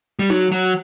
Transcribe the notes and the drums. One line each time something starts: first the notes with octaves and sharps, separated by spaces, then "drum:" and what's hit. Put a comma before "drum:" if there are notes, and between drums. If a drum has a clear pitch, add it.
G3
F#3, drum: tom D#4
F#3